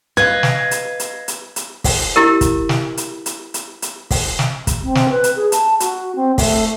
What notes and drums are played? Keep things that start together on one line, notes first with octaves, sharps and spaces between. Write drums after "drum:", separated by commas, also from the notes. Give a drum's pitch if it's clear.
B4 D#5 F5 G#6
drum: snare
drum: hi-hat
drum: hi-hat
drum: hi-hat
drum: hi-hat
drum: kick, open hi-hat
E4 G4 A#4
drum: kick, hi-hat
drum: snare
drum: hi-hat
drum: hi-hat
drum: hi-hat
drum: hi-hat
drum: kick, open hi-hat
drum: snare
drum: kick, hi-hat
C4
drum: snare
B4
drum: hi-hat
G#4
A5, drum: hi-hat
F#4, drum: hi-hat
C4
A3, drum: kick, open hi-hat